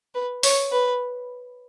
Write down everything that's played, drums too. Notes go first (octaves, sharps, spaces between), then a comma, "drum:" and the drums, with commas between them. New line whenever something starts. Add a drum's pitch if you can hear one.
B4
C#5, drum: open hi-hat
B4